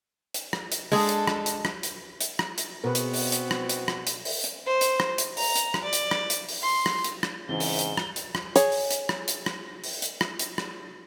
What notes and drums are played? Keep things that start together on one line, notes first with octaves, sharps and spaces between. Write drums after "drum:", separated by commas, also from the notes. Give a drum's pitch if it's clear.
drum: hi-hat
drum: rim click
drum: hi-hat
G#3 D4 G#4 A4, drum: open hi-hat
drum: hi-hat
drum: rim click
drum: hi-hat
drum: rim click
drum: hi-hat
drum: hi-hat
drum: rim click
drum: hi-hat
B2 B3 C4 F#4 G#4 A#4 B4
drum: hi-hat
drum: open hi-hat
drum: hi-hat
drum: rim click
drum: hi-hat
drum: rim click
drum: hi-hat
drum: open hi-hat
drum: hi-hat
C5
drum: hi-hat
drum: rim click
drum: hi-hat
A#5, drum: open hi-hat
drum: hi-hat
drum: rim click
D5
drum: hi-hat
drum: rim click
drum: hi-hat
drum: open hi-hat
C6
drum: rim click
drum: hi-hat
drum: rim click
G#2 C#3 E3 C4 G7
drum: open hi-hat
drum: hi-hat
drum: rim click
drum: hi-hat
drum: rim click
G#4 C#5, drum: hi-hat
drum: open hi-hat
drum: hi-hat
drum: rim click
drum: hi-hat
drum: rim click
drum: open hi-hat
drum: hi-hat
drum: rim click
drum: hi-hat
drum: rim click